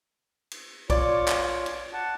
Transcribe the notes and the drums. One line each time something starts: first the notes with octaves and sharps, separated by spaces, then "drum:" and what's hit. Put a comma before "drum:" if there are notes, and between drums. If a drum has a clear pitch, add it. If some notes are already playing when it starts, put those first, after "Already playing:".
drum: cymbal
F4 C#5 D5, drum: kick B1, cymbal
drum: clap
drum: cymbal
F#5 A5